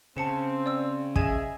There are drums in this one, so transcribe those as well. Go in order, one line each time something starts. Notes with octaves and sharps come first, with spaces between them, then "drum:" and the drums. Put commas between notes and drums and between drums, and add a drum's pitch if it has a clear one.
C#3 C4 A5 C#7 E7
D5 E6
G#4 D#5 E5 G#5 G#6 E7, drum: kick